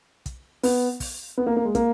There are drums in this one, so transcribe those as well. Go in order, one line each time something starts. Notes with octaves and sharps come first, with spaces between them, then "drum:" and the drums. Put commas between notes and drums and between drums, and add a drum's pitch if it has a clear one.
drum: kick, hi-hat
B3, drum: open hi-hat
drum: kick, open hi-hat
B3
A#3
A#3
G#3
A#3, drum: kick, hi-hat